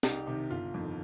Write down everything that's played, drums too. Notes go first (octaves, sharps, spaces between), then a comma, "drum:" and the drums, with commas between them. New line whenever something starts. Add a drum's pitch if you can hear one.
C2 D#4 G4, drum: snare
C3 D#3
G1 F4
F2 D#3